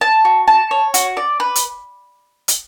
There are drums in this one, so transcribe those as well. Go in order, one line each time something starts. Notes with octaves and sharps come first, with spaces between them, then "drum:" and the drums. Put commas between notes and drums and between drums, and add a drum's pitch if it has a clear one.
A5
F#4
A5
C#5
F#4, drum: hi-hat
D5
B4
drum: hi-hat
drum: hi-hat